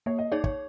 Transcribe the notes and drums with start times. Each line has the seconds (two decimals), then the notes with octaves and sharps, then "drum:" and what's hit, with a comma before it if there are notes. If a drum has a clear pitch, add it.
0.06 A#3 C#5
0.19 D#5
0.32 D#4 G#4 C#5 D5
0.44 C#5, drum: kick